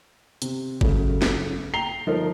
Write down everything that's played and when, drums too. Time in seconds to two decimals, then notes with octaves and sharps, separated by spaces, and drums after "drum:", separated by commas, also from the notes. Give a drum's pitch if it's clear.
0.42 C3, drum: hi-hat
0.81 F#2 C#3 A3, drum: kick G1
1.22 drum: snare
1.74 G5 A#5 C7 F7 G7
2.07 G1 F3 D#4 A4 A#4